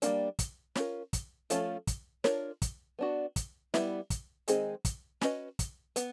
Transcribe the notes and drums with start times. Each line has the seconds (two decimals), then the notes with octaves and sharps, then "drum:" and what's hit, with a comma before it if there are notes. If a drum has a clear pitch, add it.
0.02 G3 A#3 D4, drum: hi-hat
0.39 drum: kick, hi-hat
0.75 C#4 F4 A#4, drum: snare
1.13 drum: kick, hi-hat
1.50 F3 A3 C#4 F4 A4, drum: hi-hat
1.87 drum: kick, hi-hat
2.24 D4 F4 A#4 C#5, drum: snare
2.62 drum: kick, hi-hat
2.99 B3 D4 F#4
3.36 drum: kick, hi-hat
3.74 G3 B3 E4, drum: snare
4.10 drum: kick, hi-hat
4.48 D#3 G#3 C4 D#4 G#4, drum: hi-hat
4.85 drum: kick, hi-hat
5.21 C#4 F#4 B4 D#5, drum: snare
5.59 drum: kick, hi-hat
5.96 B3, drum: hi-hat